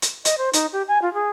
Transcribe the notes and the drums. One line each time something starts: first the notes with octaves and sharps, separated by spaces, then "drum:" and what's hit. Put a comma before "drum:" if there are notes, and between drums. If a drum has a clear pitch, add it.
drum: hi-hat
D#5, drum: hi-hat
C5
D#4, drum: hi-hat
G4
G#5
F4
G#4